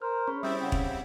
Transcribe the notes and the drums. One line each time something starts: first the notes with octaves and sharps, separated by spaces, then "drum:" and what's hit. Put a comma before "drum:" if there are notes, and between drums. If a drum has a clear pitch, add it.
A#4 C5 F6
C#4 G#4 B5 C#6
G3 C4 E4 E5 D#6 G6 A6
C#3 D5 F#5 G5
drum: kick E1